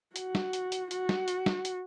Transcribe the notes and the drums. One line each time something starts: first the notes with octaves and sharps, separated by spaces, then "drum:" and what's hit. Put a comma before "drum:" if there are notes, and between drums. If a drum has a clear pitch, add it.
F#4, drum: hi-hat
drum: snare
drum: hi-hat
drum: hi-hat
F#4, drum: hi-hat
drum: snare
drum: hi-hat
drum: snare
drum: hi-hat